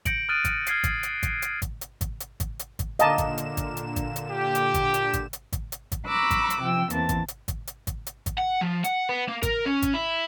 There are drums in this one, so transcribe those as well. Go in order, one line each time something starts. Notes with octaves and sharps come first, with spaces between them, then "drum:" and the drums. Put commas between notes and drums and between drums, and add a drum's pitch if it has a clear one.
G6 A#6 C#7 D7 F#7, drum: kick G#1, hi-hat
D#6 F6 F#6 A6 D7 D#7
drum: kick G#1, hi-hat
F6 G#6 C7 C#7, drum: hi-hat
drum: kick G#1, hi-hat
drum: hi-hat
drum: kick G#1, hi-hat
drum: hi-hat
drum: kick G#1, hi-hat
drum: hi-hat
drum: kick G#1, hi-hat
drum: hi-hat
drum: kick G#1, hi-hat
drum: hi-hat
drum: kick G#1, hi-hat
A#2 D3 D#5 F5 A5 A#5 D6 E7, drum: hi-hat
drum: kick G#1, hi-hat
drum: hi-hat
drum: kick G#1, hi-hat
drum: hi-hat
drum: kick G#1, hi-hat
drum: hi-hat
G4
drum: hi-hat
drum: kick G#1, hi-hat
drum: hi-hat
drum: kick G#1, hi-hat
drum: hi-hat
drum: kick G#1, hi-hat
drum: hi-hat
drum: kick G#1, hi-hat
A#5 B5 C#6 D6 E6 F#6
drum: kick G#1, hi-hat
drum: hi-hat
C3 F3 G5 E6
E2 E3 A#3 C4 A5, drum: hi-hat
drum: kick G#1, hi-hat
drum: hi-hat
drum: kick G#1, hi-hat
drum: hi-hat
drum: kick G#1, hi-hat
drum: hi-hat
drum: kick G#1, hi-hat
F#5
F3
F#5, drum: hi-hat
B3
A#3
A#4, drum: kick G#1, hi-hat
C#4
drum: kick G#1, hi-hat
E4